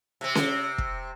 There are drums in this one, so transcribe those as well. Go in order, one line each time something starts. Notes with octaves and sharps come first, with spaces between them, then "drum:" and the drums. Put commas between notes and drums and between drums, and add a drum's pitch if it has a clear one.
C3 C4
drum: snare C#4
drum: kick